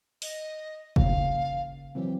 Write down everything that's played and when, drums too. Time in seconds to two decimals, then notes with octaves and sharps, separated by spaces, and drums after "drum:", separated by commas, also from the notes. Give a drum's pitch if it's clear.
0.22 D#5, drum: open hi-hat
0.96 C#3 A#3 F5, drum: kick F#1
1.95 E3 F#3 C4 G4